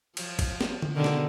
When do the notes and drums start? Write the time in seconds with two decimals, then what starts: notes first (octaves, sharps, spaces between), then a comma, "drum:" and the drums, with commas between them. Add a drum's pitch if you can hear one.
0.17 F3, drum: cymbal
0.39 drum: kick G#1, cymbal
0.61 drum: snare
0.82 drum: tom D3
0.95 B2 D3 D#3
1.04 drum: snare